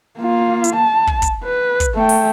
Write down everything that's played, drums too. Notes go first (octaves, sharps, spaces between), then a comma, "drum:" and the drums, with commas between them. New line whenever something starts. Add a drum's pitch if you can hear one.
A#3 F4
drum: hi-hat
A5
drum: kick
drum: kick, hi-hat
B4
drum: kick, hi-hat
A3 G5
drum: open hi-hat